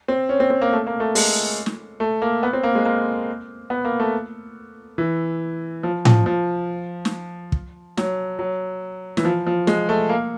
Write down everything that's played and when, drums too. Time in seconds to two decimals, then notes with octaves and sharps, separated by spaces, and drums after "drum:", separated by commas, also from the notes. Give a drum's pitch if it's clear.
0.08 C4
0.29 C#4
0.40 C4
0.50 C4
0.61 A#3
0.73 A3
0.87 A#3
1.00 A3
1.15 G#3, drum: open hi-hat
1.66 drum: snare
2.00 A3
2.22 A#3
2.43 B3
2.53 C4
2.63 A#3
2.75 G#3
2.85 A#3
3.70 B3
3.85 A#3
4.00 A3
4.98 E3
5.83 F3
6.05 F3, drum: tom A2
6.26 F3
7.05 drum: snare
7.52 drum: kick
7.97 F#3, drum: snare
8.39 F#3
9.17 E3, drum: snare
9.25 F3
9.47 F3
9.67 G#3, drum: snare
9.89 A3
10.09 A#3